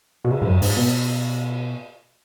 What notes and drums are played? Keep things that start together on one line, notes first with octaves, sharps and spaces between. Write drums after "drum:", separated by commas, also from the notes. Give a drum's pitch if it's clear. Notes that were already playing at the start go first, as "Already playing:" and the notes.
B2
C#3, drum: cymbal
G#2
F#2
G#2, drum: open hi-hat
B2